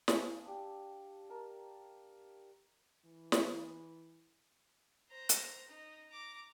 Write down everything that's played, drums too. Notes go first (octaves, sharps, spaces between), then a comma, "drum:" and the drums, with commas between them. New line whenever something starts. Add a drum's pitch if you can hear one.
F5 G#5 A5 E6, drum: snare
D4 G4
A#4 A5
E3
drum: snare
C5 A#5
drum: hi-hat
D#4
A#5 D6